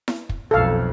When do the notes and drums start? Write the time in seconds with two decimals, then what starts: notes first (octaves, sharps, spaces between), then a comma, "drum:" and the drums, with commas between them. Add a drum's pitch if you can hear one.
0.08 drum: snare E4
0.29 drum: kick
0.51 B1 F2 A4 F5